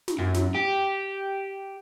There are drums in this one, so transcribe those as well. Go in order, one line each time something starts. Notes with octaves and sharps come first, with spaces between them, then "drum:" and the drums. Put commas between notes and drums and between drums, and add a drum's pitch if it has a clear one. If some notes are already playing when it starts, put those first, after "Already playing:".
drum: snare
F#2
drum: snare
G4